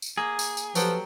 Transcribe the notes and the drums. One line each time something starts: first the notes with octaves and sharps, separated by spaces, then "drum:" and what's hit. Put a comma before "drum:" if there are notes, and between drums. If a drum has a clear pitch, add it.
drum: tambourine
A#3 G#4
drum: tambourine
drum: tambourine
F3 F#3 G4 A4 B4 F#5 G5, drum: tambourine